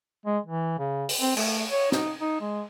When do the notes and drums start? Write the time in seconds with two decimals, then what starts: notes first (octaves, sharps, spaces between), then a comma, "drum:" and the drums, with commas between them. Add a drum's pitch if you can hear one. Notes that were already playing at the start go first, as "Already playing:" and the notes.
0.26 G#3
0.47 E3
0.79 C#3
1.09 drum: open hi-hat
1.21 C4
1.37 A3, drum: cymbal
1.70 C#5
1.92 D#4, drum: snare
2.21 D#4
2.41 G#3